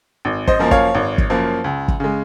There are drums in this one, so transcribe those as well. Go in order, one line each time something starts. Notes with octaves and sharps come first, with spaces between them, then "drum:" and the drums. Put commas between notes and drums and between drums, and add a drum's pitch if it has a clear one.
G#1
C5 D#5, drum: kick
F#2 F3 A#3
C#5 F5, drum: kick
G#1
drum: kick
F#2 F3 A#3
C#2
drum: kick
C#3 G#3